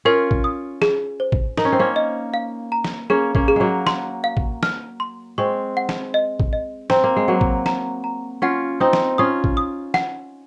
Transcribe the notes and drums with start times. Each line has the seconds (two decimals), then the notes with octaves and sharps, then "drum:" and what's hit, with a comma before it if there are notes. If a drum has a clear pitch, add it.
0.05 C#4 F4 A#4
0.31 drum: kick
0.44 D#6
0.82 G#4, drum: snare
1.20 C5
1.32 drum: kick
1.57 D#4 A#4, drum: snare
1.65 C#4
1.72 C4
1.79 A#3 C#4
1.96 D#5
2.34 F5
2.72 A#5
2.85 drum: snare
3.10 A#3 C#4 G#4
3.35 A#3 C#4, drum: kick
3.48 G#4
3.56 F#3 G#3 A#3
3.87 C6, drum: snare
4.24 F5
4.37 drum: kick
4.63 F6, drum: snare
5.00 C6
5.38 G#3 C4 C#6
5.77 F#5
5.89 drum: snare
6.14 D#5
6.40 drum: kick
6.53 D#5
6.90 C4 A#5, drum: snare
7.04 A#3
7.16 G#3
7.28 F#3 A#3 F#5
7.41 drum: kick
7.66 A#5, drum: snare
8.04 A#5
8.42 C#4 F4 F#5
8.80 C4 D#4 D#6
8.93 drum: snare
9.18 C#4 F4 D#6
9.44 drum: kick
9.57 D#6
9.94 F#5, drum: snare